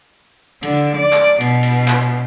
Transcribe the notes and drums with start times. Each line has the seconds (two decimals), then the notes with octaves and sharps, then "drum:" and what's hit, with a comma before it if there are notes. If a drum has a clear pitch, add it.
0.63 D3, drum: cymbal
0.96 D5
1.13 drum: clap
1.41 B2, drum: cymbal
1.63 drum: cymbal
1.88 drum: clap